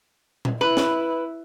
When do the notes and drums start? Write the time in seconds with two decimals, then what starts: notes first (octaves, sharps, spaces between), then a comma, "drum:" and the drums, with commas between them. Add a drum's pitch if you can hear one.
0.45 drum: tom A#2
0.61 E4 B4
0.77 drum: snare